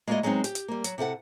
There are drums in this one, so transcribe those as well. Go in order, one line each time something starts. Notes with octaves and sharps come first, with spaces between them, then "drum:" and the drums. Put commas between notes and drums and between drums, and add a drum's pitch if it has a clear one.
G#3 A#3 E4 F#4 D5 D#5
F#3 G#3 B3 C4 D#4
G4, drum: hi-hat
drum: hi-hat
G3 A#3
F#3, drum: hi-hat
C3 E4 A4 F#5